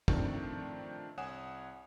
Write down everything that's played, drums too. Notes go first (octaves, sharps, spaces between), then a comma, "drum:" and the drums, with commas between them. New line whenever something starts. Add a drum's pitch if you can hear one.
D#3 F3 A3 C4 D4 C#6, drum: kick
C2 C#5 F#5 G#5 D#6 E7